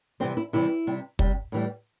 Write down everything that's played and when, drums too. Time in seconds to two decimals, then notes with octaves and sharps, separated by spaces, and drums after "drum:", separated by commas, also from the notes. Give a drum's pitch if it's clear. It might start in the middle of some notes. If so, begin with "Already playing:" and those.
0.20 C3 E3 G3 C4
0.37 E4
0.53 C3 E3 G3 E4
0.87 C3 G3
1.19 C3 G3, drum: kick
1.52 A2 E3 G3